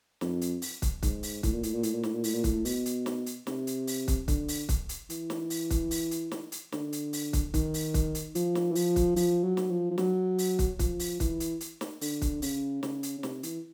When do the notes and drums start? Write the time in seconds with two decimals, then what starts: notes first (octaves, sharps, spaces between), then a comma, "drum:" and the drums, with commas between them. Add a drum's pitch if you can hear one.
0.21 F2, drum: snare
0.41 drum: hi-hat
0.62 drum: open hi-hat
0.82 drum: kick, hi-hat
1.03 G#2, drum: kick, hi-hat
1.23 drum: open hi-hat
1.43 A2, drum: kick, hi-hat
1.53 A#2
1.63 A2, drum: hi-hat
1.74 A#2
1.83 A2, drum: hi-hat
1.94 A#2
2.03 A2, drum: snare
2.14 A#2
2.24 A2, drum: open hi-hat
2.34 A#2
2.44 A2, drum: kick, hi-hat
2.65 B2, drum: open hi-hat
2.86 drum: hi-hat
3.06 drum: snare
3.26 drum: hi-hat
3.47 C3, drum: snare
3.67 drum: hi-hat
3.87 drum: open hi-hat
4.08 drum: kick, hi-hat
4.28 D3, drum: kick, hi-hat
4.48 drum: open hi-hat
4.69 drum: kick, hi-hat
4.89 drum: hi-hat
5.10 E3, drum: hi-hat
5.30 drum: snare
5.50 drum: open hi-hat
5.70 drum: kick, hi-hat
5.91 drum: open hi-hat
6.11 drum: hi-hat
6.31 drum: snare
6.52 drum: hi-hat
6.72 D3, drum: snare
6.93 drum: hi-hat
7.13 drum: open hi-hat
7.33 drum: kick, hi-hat
7.54 D#3, drum: kick, hi-hat
7.74 drum: open hi-hat
7.94 drum: kick, hi-hat
8.15 drum: hi-hat
8.35 F3, drum: hi-hat
8.55 drum: snare
8.71 E3
8.75 F3, drum: open hi-hat
8.96 drum: kick, hi-hat
9.16 F3, drum: open hi-hat
9.43 F#3
9.57 drum: snare
9.70 F3
9.91 F3
9.98 F#3, drum: snare
10.38 drum: open hi-hat
10.59 drum: kick, hi-hat
10.79 F3, drum: kick, hi-hat
10.99 drum: open hi-hat
11.20 E3, drum: kick, hi-hat
11.40 drum: hi-hat
11.61 drum: hi-hat
11.81 drum: snare
12.01 D3, drum: open hi-hat
12.22 drum: kick, hi-hat
12.42 C#3, drum: open hi-hat
12.83 C#3, drum: snare
13.03 drum: hi-hat
13.18 C#3
13.23 C3, drum: snare
13.43 E3, drum: hi-hat